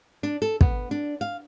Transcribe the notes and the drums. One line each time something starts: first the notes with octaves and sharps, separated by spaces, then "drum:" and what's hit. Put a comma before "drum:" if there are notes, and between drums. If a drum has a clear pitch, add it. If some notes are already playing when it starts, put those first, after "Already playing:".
D4
A4
B3, drum: kick
D4
F5